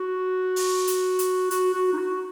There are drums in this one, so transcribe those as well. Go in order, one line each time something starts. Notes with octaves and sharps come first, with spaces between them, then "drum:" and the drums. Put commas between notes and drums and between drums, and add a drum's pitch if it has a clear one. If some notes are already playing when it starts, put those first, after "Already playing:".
Already playing: F#4
drum: open hi-hat
drum: hi-hat
drum: hi-hat
F#4, drum: hi-hat
F#4
D#4
F#4